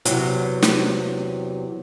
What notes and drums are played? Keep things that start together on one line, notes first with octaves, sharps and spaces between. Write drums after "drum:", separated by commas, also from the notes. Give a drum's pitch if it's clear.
E2 C3 F#3, drum: hi-hat
drum: snare